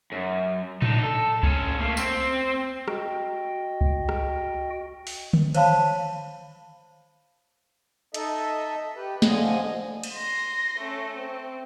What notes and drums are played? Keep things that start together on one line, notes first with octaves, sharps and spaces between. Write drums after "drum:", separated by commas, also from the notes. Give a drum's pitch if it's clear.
F#2
D4 D#4, drum: tom A2
A4
C#4 A4, drum: kick C#2
A3 A#3
C4, drum: tambourine
F#4 D#5 G5, drum: rim click
drum: kick C#2
drum: rim click
drum: open hi-hat
drum: tom D3
C5 C#5 F5 A5 B5, drum: cymbal
D#4 A4 D#5 E5, drum: hi-hat
G4 B4
D3 F3 D#5 G#5, drum: snare
drum: cymbal
C6 A#6
A3 C#4
C4